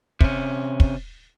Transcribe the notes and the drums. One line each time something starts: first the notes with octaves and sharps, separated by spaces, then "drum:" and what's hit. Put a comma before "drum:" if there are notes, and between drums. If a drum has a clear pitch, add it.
C3 C#4, drum: kick
drum: kick